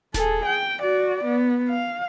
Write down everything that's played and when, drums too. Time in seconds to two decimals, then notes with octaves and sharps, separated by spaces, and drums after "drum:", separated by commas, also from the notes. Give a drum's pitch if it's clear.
0.14 G#4 A4, drum: snare D#1
0.46 G5
0.82 F#4 D5
1.24 B3
1.69 F5